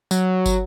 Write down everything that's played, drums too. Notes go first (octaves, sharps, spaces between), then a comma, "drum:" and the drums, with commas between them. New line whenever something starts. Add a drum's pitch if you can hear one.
F#3, drum: tambourine
drum: kick, tambourine